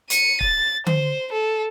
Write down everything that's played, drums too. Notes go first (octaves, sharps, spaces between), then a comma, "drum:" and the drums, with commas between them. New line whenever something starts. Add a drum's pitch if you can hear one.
C#7 D#7, drum: hi-hat
A6, drum: kick
C5, drum: tom D3
A4